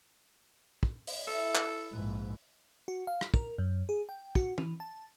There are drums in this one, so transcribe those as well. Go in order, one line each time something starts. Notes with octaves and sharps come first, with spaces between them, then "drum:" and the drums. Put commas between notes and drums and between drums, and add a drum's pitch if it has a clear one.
drum: kick
drum: open hi-hat
E4 A4
drum: clap
A#1 G#2 B4
F#4
F5
B6, drum: rim click
A#4, drum: kick
F#2
G#4
G5
F#4, drum: kick
E3, drum: tom
A5